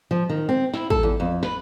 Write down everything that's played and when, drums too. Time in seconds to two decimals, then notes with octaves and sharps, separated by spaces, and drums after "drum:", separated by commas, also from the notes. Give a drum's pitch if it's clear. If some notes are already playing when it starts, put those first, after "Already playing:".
0.11 F3
0.29 D#3
0.49 C4
0.74 E4, drum: snare
0.90 A4, drum: kick
1.03 E2
1.20 F2
1.43 B4, drum: snare